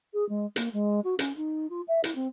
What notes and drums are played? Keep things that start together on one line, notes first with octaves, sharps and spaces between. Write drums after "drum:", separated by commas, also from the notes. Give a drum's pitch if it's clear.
G#4
G#3
A#3, drum: hi-hat
G#3
F#4
C#4, drum: hi-hat
D#4
F4
E5
E4, drum: hi-hat
C4